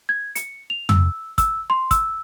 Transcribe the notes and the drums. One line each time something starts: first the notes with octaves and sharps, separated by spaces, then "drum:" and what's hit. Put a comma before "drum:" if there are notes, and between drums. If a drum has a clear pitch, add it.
G#6
C#7, drum: hi-hat
F7
E6, drum: tom
E6, drum: kick, hi-hat
C6
E6, drum: kick, hi-hat